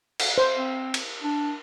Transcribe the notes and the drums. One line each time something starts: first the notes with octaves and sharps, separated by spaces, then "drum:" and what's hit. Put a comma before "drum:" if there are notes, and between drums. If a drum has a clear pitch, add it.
drum: cymbal
C5
C4
drum: cymbal
D4